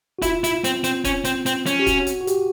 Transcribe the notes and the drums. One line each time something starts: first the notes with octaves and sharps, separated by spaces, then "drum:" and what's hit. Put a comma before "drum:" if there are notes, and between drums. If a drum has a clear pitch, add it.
F#4
E4 F4, drum: kick, hi-hat
E4, drum: hi-hat
C4, drum: hi-hat
C4, drum: hi-hat
C#4, drum: kick, hi-hat
C4, drum: hi-hat
C4, drum: hi-hat
C#4, drum: hi-hat
G4
F#4, drum: kick, hi-hat
drum: hi-hat
F#4
G4, drum: hi-hat